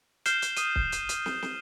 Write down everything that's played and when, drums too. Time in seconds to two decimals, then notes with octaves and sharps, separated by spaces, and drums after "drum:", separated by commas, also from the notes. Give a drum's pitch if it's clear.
0.26 F6 G6 C7 E7 G7, drum: hi-hat
0.42 drum: hi-hat
0.57 D#6 D#7, drum: hi-hat
0.76 drum: kick
0.92 drum: hi-hat
1.09 drum: hi-hat
1.26 drum: snare
1.42 drum: snare